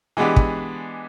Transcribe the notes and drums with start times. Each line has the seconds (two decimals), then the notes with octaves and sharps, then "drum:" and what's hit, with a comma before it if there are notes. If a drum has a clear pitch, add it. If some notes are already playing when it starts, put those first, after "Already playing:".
0.17 E3 G#3 B3 D4 G4
0.36 drum: kick